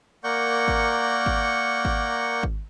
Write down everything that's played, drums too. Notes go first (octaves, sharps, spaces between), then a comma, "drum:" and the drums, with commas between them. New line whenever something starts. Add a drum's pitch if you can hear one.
A#3 A#4 D5 F#5 C#6 G6
drum: kick G#1
drum: kick G#1
drum: kick G#1
drum: kick G#1